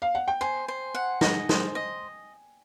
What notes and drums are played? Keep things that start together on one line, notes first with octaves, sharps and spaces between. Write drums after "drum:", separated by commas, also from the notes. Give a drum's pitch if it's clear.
F5
F#5
G5
C5 G#5
C5
F#5
D#5, drum: snare
C5, drum: snare
D#5